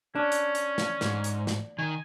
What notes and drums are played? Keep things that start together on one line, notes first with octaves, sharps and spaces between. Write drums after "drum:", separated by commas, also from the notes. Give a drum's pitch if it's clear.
C#4 D4
drum: hi-hat
drum: hi-hat
drum: snare
G#2, drum: snare
drum: hi-hat
drum: snare
D#3 G#5